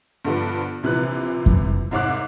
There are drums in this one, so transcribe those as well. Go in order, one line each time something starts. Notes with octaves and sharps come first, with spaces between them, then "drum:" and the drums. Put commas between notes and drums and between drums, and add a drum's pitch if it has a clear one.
G2 B2 D3 F3 B3
A#1 C3 E3 F3 B4 F#6
drum: kick F2
C2 G#2 C#5 D6 F#6